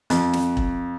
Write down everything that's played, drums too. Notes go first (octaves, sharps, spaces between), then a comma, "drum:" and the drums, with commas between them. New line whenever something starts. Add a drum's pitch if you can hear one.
F2, drum: hi-hat
drum: snare
drum: kick E1